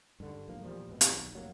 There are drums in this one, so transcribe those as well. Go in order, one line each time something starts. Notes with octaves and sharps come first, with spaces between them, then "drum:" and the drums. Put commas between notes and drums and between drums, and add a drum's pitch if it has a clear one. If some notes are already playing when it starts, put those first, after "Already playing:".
G2 D3
B1 G#2 F3 A#3
E2 A#2 F3 G3
G#1 B2
drum: hi-hat
B1
F1 F#3 A#3